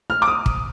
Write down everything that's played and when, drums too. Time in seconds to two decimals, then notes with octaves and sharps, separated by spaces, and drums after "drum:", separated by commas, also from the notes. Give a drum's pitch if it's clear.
0.10 F6
0.22 D6
0.28 D#6
0.46 drum: kick